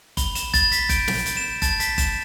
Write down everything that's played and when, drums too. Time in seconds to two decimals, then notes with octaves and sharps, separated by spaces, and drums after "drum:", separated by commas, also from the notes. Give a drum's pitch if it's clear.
0.17 B5 G7, drum: kick F#1, hi-hat
0.35 E7, drum: hi-hat
0.54 B5 A6, drum: kick F#1, hi-hat
0.72 B6, drum: hi-hat
0.89 G6 D7, drum: kick F#1, hi-hat
1.08 drum: snare
1.26 G6, drum: hi-hat
1.37 E7
1.62 A5 A6, drum: kick F#1, hi-hat
1.80 B6, drum: hi-hat
1.98 G6 E7, drum: kick F#1, hi-hat